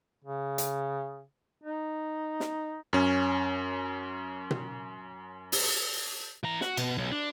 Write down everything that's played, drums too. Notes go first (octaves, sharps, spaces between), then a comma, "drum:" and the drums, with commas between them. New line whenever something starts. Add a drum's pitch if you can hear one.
C#3
drum: hi-hat
D#4
drum: snare
F#2 C#4
drum: tom B2
drum: open hi-hat
E3 A#5
F#4, drum: snare
B2, drum: cymbal
B1
D4